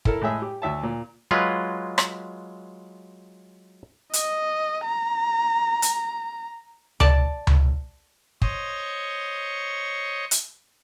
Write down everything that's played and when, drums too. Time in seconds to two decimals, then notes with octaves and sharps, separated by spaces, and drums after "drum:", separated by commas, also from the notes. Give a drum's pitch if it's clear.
0.05 E4 A4 A#4, drum: kick
0.21 A2 G#3 G#4 E5
0.42 G4
0.62 D2 E5 A5
0.83 A#2
1.31 F#3 G#3 F4 B4
1.98 drum: rim click
4.13 D#5, drum: hi-hat
4.85 A#5
5.82 drum: hi-hat
7.00 D5 A5, drum: tom C#2
7.47 drum: tom C#2
8.42 C5 C#5 D#5 C#6, drum: kick
10.31 drum: hi-hat